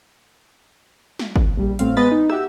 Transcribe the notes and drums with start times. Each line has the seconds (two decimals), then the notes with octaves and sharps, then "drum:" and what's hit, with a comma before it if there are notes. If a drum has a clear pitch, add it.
1.19 drum: snare
1.36 drum: kick G1
1.57 A#1 G3
1.79 A1 A2 C4 F5, drum: hi-hat
1.97 G#3 B3 B4 D#5 A6 B6
2.11 D#4
2.30 F#4 G4 E5 E6, drum: rim click